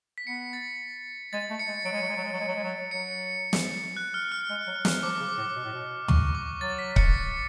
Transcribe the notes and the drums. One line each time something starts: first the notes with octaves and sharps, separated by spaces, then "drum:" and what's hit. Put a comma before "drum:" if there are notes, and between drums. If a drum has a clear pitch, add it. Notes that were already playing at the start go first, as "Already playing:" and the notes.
B6
B3 C#7
A6
G#3 A6
A3
C#7
G#3
F#3 D7
G#3
F#3
G#3
F#3
G#3
F#3
G#3
F#3
G#3
F#3
F#3 C#7
drum: snare
F#6
F6
F6
G#3
F#3
F#3, drum: snare
F3 D6
C#3
D6
A2
B2
A2
B2
C#6, drum: tom
D6
F#3 A6
B6
C#7, drum: kick C#1
B6